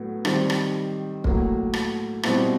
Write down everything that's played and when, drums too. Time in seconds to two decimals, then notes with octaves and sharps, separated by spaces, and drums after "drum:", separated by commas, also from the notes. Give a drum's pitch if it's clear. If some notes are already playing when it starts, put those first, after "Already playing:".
Already playing: A2 F#3 B3
0.25 D#3 G3 C4, drum: rim click
0.50 drum: rim click
1.24 A2 F#3 A#3, drum: kick
1.73 drum: rim click
2.23 B2 G3 C4 E4, drum: rim click